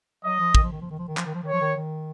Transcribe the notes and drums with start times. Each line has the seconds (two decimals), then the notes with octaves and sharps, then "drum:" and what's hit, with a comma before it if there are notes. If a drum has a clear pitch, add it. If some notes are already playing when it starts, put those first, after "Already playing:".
0.24 F#3 D#5
0.39 F3
0.55 D#3, drum: kick
0.63 F3
0.72 D#3
0.81 F3
0.91 D#3
0.99 F3
1.07 D#3
1.17 F3, drum: clap
1.26 D#3
1.34 F3
1.43 D#3 C#5
1.53 F3
1.61 D#3
1.76 D#3